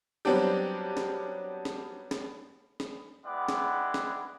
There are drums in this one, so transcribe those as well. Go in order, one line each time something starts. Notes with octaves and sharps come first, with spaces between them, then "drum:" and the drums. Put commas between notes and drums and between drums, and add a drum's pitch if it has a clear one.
F#3 G3 B3 C4 D4 G4
drum: snare
drum: snare
drum: snare
drum: snare
G#3 B3 E4 D5 F#5 G5
drum: snare
drum: snare